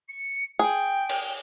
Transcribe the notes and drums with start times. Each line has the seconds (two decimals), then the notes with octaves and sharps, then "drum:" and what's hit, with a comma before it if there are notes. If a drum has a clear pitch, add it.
0.08 C#7
0.59 G#4 G5
1.10 drum: cymbal